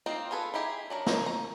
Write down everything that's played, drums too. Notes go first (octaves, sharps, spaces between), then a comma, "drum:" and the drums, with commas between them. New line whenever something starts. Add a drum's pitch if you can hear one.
A#3 C4 D#4 F4
F4 G#4 A4 B4
D#4 E4 G4 G#4
F#3 D4 A#4
D#4 C#5, drum: snare
A#5